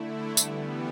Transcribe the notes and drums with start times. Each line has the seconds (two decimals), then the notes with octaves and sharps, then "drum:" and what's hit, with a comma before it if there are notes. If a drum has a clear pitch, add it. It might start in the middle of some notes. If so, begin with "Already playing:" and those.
Already playing: D3 A3 E4
0.37 E3 G3 B3, drum: tambourine